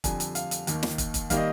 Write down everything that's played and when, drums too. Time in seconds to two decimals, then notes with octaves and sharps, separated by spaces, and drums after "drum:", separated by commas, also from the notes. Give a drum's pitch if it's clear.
0.04 F2 D3 G3 G#5, drum: kick, hi-hat
0.20 drum: hi-hat
0.35 F5, drum: hi-hat
0.51 drum: hi-hat
0.67 D#2 D#3 A#3, drum: hi-hat
0.83 drum: snare
0.98 drum: kick, hi-hat
1.14 drum: kick, hi-hat
1.30 D#3 G3 A#3 F5, drum: kick, hi-hat
1.37 D#5